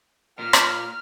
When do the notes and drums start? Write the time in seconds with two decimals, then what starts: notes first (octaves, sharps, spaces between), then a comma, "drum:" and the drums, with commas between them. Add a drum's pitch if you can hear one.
0.39 A#2 F6
0.53 drum: rim click